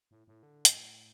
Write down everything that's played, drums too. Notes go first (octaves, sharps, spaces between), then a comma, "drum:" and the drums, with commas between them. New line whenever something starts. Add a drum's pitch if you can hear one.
A2
A2
D3
F#2, drum: hi-hat
A2